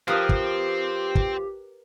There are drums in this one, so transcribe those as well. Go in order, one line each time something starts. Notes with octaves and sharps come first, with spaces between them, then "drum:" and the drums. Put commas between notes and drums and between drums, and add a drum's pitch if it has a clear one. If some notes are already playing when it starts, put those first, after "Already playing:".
F3 C4 G4 A#4 B4 D#6
drum: kick
drum: kick